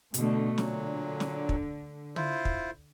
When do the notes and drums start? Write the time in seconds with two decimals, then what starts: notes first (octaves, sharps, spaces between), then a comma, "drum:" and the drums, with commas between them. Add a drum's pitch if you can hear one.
0.14 B2 D3 A3, drum: hi-hat
0.58 A#2 D3 F#3, drum: snare
1.20 drum: snare
1.49 drum: kick
2.16 E4 F4 C5, drum: tom
2.45 drum: kick